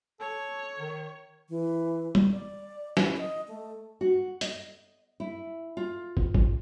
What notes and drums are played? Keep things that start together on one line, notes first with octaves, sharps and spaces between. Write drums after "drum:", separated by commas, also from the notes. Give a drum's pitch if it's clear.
A4 C#5
D#3
E3
drum: tom
D5
E4, drum: snare
D#5
A3
F#4
D#5, drum: hi-hat
E4
F4
drum: kick
drum: kick